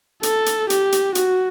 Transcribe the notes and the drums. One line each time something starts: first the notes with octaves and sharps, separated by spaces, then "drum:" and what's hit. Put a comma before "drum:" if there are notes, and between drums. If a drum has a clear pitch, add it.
A4, drum: hi-hat
drum: hi-hat
G4, drum: hi-hat
drum: hi-hat
F#4, drum: hi-hat